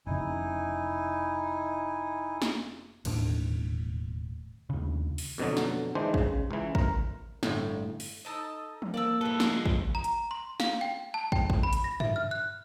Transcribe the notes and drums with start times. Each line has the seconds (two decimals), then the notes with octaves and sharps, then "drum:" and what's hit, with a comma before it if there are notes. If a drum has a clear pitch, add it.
0.06 F1 C#3 D#4 E4 G#5
2.42 drum: snare
3.05 E1 D#2 A2 D4, drum: cymbal
4.70 D#2 C#3
5.18 drum: open hi-hat
5.38 F2 B2 D3 F#3
5.57 drum: snare
5.95 D#3 E3 G#3 D4 C5
6.14 C#3, drum: kick
6.51 C#2 E3
6.75 A#4, drum: kick
7.43 G1 A2, drum: snare
8.00 drum: open hi-hat
8.25 D#4 A4 D#5
8.82 drum: tom E3
8.94 A#3 D5 A5 E6
9.21 C2 E4 A4 B4
9.40 F3 G#3, drum: snare
9.66 drum: kick
9.95 A#5
10.04 drum: hi-hat
10.31 C6
10.60 F5, drum: snare
10.81 G5
11.14 A5
11.32 G5, drum: kick
11.50 drum: kick
11.63 B5
11.73 drum: hi-hat
11.84 A#6
12.00 E5, drum: tom G2
12.16 F6
12.31 F#6